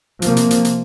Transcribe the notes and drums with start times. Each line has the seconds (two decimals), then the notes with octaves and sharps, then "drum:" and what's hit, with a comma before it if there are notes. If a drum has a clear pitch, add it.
0.22 C3 F3 A#3, drum: hi-hat
0.37 drum: hi-hat
0.51 drum: hi-hat
0.65 drum: hi-hat